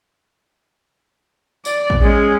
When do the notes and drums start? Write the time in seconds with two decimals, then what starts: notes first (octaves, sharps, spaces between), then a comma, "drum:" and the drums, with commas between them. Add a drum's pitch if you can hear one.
1.65 D5, drum: tambourine
1.90 drum: kick A1
2.02 G#3 C#4